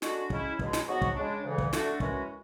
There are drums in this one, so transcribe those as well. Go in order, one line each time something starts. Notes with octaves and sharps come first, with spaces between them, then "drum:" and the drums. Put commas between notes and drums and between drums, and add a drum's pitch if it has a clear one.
D3 G#3 D4 F#4, drum: snare
C#3 G#3 C#4 E4, drum: kick
C#2 B2 G#3, drum: kick
drum: snare
G#2 F#3 B3 F#4
drum: kick
C#3 G#3 D4
D2 C#3 E3
drum: kick
D3 A3 D4 F#4, drum: snare
F#2 E3 G#3 C#4 F#4, drum: kick